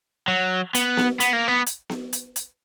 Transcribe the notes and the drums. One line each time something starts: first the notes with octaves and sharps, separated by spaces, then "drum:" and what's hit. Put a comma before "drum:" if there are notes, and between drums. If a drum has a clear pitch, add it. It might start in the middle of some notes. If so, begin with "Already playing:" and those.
F#3
B3, drum: hi-hat
drum: snare B3
B3, drum: hi-hat
A#3
B3
drum: hi-hat
drum: snare B3
drum: hi-hat
drum: hi-hat